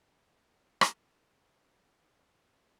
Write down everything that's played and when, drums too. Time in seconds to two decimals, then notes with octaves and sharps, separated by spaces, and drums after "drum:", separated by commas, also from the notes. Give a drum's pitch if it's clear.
0.15 D4
0.81 drum: rim click
1.06 B3
1.84 G3
2.16 A1